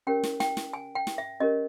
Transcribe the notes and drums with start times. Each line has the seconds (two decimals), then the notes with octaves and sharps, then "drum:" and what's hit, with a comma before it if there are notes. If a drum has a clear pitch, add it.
0.07 C#4 G4 A#4 C#5 G5
0.24 drum: snare
0.40 G5, drum: snare
0.57 drum: snare
0.73 G#5
0.95 G5
1.07 drum: snare
1.18 E5
1.40 C#4 G4 A#4 C#5 D#5